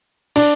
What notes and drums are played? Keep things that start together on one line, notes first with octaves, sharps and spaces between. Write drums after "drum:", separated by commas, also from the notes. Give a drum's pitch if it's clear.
D4, drum: open hi-hat